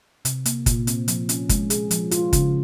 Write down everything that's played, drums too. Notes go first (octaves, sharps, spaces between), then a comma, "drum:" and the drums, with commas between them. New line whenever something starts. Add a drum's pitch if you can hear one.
C3, drum: hi-hat
A#3, drum: hi-hat
A#2, drum: kick, hi-hat
C4, drum: hi-hat
F3, drum: hi-hat
C#4, drum: hi-hat
G#3, drum: kick, hi-hat
G#4, drum: hi-hat
F3, drum: hi-hat
F4, drum: hi-hat
C#3, drum: kick, hi-hat